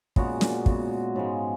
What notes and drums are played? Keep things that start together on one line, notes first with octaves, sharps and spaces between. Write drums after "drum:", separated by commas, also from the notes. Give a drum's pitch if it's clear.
A#2 C#3 G#3 B3 F#4, drum: kick
A#2, drum: snare
C#3 G#3 B3 F#4, drum: kick
G#2 C#3 F3 G#3